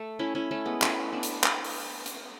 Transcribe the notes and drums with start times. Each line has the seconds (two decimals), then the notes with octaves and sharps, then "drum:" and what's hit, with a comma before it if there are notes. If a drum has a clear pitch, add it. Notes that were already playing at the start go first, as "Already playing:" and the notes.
Already playing: A3
0.19 C#4 E4
0.35 C#4 E4
0.51 A3 C#4
0.66 G#3 B3
0.82 A3 C#4, drum: clap
1.12 B3 D4
1.23 drum: hi-hat
1.44 drum: clap
1.64 drum: open hi-hat
2.06 drum: hi-hat